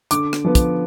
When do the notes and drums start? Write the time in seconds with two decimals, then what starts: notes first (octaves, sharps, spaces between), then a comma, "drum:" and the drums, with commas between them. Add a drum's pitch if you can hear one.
0.11 D3 D6, drum: hi-hat
0.33 drum: rim click
0.45 F3 B3
0.55 drum: kick, hi-hat